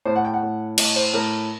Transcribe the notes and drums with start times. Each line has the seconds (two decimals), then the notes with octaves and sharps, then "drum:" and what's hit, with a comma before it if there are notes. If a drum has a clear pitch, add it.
0.05 A2 C5
0.16 F#5
0.25 G5
0.34 F#5
0.43 A2
0.78 A2 D#5, drum: cymbal
0.96 C5
1.14 A2 A#4